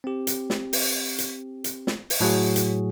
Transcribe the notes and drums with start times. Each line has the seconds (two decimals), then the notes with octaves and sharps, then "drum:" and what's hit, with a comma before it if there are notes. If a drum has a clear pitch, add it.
0.04 C4 G4
0.27 drum: hi-hat
0.50 drum: snare
0.73 drum: open hi-hat
1.18 drum: hi-hat
1.64 drum: hi-hat
1.87 drum: snare
2.10 drum: open hi-hat
2.20 A2 F#3 F#4 G#4
2.56 drum: hi-hat